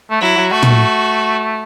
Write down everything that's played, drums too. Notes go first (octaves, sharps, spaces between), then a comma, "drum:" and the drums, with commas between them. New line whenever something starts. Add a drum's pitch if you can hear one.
A3
F#3 E4
F#3
A3 F#4
drum: tom